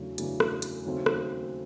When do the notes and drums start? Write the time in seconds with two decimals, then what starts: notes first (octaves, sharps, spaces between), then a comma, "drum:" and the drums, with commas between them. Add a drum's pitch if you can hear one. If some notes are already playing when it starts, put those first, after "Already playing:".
Already playing: E2 C#3 F#3 A3 D4
0.18 E2 C#3 F#3 A3 D4, drum: hi-hat
0.40 drum: rim click
0.62 drum: hi-hat
0.85 D#2 C#3 F#3 A3 C4
1.06 drum: rim click